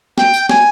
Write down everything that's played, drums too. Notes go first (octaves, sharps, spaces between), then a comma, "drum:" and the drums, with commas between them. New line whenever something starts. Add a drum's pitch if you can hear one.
G5, drum: snare
drum: tambourine
G#5, drum: snare